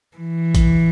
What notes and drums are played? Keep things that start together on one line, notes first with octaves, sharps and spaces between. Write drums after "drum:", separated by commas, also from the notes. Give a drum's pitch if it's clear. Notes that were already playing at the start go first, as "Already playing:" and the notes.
E3
drum: kick, hi-hat